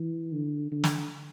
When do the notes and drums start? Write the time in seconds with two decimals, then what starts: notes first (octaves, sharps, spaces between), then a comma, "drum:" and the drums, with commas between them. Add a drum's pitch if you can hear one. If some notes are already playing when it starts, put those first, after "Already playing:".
Already playing: E3
0.33 D3
0.71 D3
0.84 drum: snare